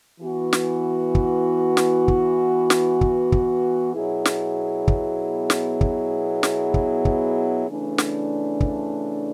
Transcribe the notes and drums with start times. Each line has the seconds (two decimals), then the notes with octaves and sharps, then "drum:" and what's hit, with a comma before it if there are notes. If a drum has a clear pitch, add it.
0.21 E3 B3 F#4
0.53 drum: snare
1.15 drum: kick
1.77 drum: snare
2.08 drum: kick
2.70 drum: snare
3.01 drum: kick
3.32 drum: kick
3.94 B2 F#3 B3 E4 G#4
4.25 drum: snare
4.88 drum: kick
5.50 drum: snare
5.81 drum: kick
6.43 drum: snare
6.74 drum: kick
7.05 drum: kick
7.68 C#3 E3 A3 D4
7.98 drum: snare
8.60 drum: kick